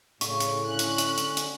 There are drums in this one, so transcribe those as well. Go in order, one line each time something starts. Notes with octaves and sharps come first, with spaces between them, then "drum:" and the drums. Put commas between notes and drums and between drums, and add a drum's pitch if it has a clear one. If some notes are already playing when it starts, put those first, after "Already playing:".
A2 C#3 C#6, drum: hi-hat
drum: hi-hat
D3 C#4 F#6
drum: hi-hat
drum: hi-hat
drum: hi-hat
drum: hi-hat